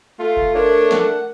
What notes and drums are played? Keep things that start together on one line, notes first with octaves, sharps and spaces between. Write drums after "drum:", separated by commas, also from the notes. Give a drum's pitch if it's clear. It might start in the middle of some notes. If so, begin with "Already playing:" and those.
A3 F4
drum: kick F#1
D4 A#4 C#5
F#5, drum: snare